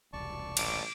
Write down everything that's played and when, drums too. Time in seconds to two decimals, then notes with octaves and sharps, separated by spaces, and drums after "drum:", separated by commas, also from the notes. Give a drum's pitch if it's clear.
0.13 E1 C2 D5 A5 C#6
0.57 A1 D6 D7, drum: cymbal